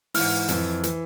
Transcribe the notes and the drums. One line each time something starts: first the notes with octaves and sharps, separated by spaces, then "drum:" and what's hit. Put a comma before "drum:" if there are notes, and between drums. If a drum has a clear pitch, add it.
G#2 E3 F6, drum: open hi-hat
F2 E3, drum: hi-hat
E3, drum: hi-hat